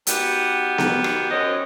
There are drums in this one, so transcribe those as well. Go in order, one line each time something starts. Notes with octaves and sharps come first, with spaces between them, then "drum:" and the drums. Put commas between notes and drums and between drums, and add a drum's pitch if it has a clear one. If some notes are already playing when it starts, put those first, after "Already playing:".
D#3 B3 F#4 G4, drum: hi-hat
drum: snare B3
drum: rim click
F#2 C4 C#5 D#5